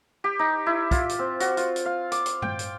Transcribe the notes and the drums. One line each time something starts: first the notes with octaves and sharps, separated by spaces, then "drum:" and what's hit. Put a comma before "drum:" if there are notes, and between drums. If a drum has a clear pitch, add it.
G4
D#4
E4
F4, drum: kick, hi-hat
drum: hi-hat
C4
F#4, drum: hi-hat
F4, drum: hi-hat
drum: hi-hat
F5
D6, drum: hi-hat
drum: hi-hat
G5, drum: tom
drum: hi-hat